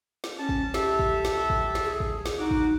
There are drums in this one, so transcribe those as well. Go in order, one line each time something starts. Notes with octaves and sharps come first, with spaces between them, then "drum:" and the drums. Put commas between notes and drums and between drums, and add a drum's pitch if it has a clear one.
drum: snare
C#4 A5
drum: kick
G4 A4 E5, drum: snare
drum: kick
drum: snare
drum: kick
drum: snare
G#4
drum: kick
drum: snare
D#4 F#4 D6
drum: kick